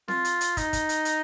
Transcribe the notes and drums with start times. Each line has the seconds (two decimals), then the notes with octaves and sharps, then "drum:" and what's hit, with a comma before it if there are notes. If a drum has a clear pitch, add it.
0.08 F4, drum: snare C4
0.25 drum: hi-hat
0.41 drum: hi-hat
0.57 D#4, drum: kick, hi-hat
0.73 drum: kick, hi-hat
0.89 drum: hi-hat
1.05 drum: hi-hat